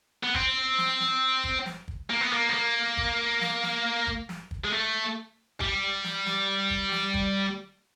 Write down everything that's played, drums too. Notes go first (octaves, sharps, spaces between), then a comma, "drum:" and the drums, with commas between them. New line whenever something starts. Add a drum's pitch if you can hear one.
B3
C4, drum: kick
drum: snare
drum: snare
drum: kick
drum: snare
drum: kick
A#3
B3
A#3
B3
A#3
drum: kick
drum: snare
drum: snare
drum: kick
drum: snare
drum: kick
G#3
A3
G3, drum: kick
drum: snare
drum: snare
drum: kick
drum: snare
drum: kick